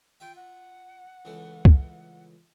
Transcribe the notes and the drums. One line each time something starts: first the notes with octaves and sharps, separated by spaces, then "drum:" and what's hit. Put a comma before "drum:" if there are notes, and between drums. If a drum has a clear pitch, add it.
F4 E5 G5
F#5
C#2 E3 A3
drum: kick